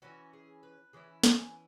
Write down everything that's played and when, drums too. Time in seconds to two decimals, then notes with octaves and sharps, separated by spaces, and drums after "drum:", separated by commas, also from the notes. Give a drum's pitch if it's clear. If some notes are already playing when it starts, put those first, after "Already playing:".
0.02 E3 C#4 E4 F#4
0.33 G#4
0.63 B4
0.93 E3 C#4 E4 G#4
1.23 G#5, drum: snare